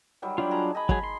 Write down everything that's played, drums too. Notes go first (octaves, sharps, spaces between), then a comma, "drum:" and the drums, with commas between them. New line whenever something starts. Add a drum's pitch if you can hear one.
D#3 F#3 G3
F#3 D4 F4 G4
G#4 A5 A#5
D#5 G#5 B5
F#3 G#4, drum: kick
C6